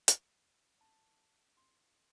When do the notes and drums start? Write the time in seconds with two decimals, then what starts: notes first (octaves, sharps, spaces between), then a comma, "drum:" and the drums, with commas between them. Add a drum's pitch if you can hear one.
0.08 drum: hi-hat
0.81 A5
1.57 C6